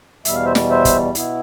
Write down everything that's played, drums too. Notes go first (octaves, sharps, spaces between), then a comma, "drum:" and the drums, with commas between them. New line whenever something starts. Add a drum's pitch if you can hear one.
E2 B2 G3 E5, drum: hi-hat
F5
C5 E5
drum: snare
C5 E5
drum: kick, hi-hat
B2 B3 E4, drum: hi-hat